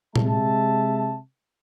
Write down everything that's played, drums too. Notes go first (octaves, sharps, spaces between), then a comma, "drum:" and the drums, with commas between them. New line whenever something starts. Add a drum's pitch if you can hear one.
C3 G#3 E5 A5, drum: tom A#2